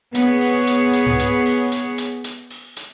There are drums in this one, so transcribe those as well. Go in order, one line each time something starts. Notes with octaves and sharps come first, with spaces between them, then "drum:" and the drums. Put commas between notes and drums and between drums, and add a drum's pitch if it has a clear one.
B3 G#4 C#5, drum: hi-hat
drum: open hi-hat
drum: hi-hat
drum: hi-hat
drum: tom G#2
drum: hi-hat
drum: open hi-hat
drum: hi-hat
drum: hi-hat
drum: hi-hat
drum: open hi-hat
drum: hi-hat